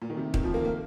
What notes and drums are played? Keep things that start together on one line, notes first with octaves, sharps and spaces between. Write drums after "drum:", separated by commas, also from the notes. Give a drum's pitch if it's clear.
A#2
D#3
C3
D#3, drum: kick D#1
F3
A#3
A#3